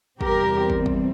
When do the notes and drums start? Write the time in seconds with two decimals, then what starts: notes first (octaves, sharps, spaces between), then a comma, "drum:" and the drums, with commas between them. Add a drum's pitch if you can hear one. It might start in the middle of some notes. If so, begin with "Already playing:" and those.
0.21 E2 C3 G3 C4 G4 A#4, drum: kick
0.70 drum: kick
0.86 drum: kick